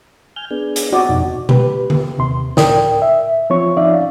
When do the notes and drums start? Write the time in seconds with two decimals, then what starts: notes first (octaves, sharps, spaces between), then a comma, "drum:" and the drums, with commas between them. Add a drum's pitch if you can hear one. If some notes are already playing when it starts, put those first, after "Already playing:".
0.36 G#5 F6 G6
0.50 B3 D4 G#4
0.76 drum: hi-hat
0.93 C4 F#4 D5 D#5
1.09 F2 B2 D#4
1.49 G4 B4, drum: tom B2
1.90 drum: tom D3
2.18 D#2 C3 C6
2.57 C#2 A2 A#4 D5 G5 D#6, drum: snare
3.02 E5
3.50 F3 C4 F4 C#5 C#6
3.76 F3 C#4 D#4 D5 E5 F5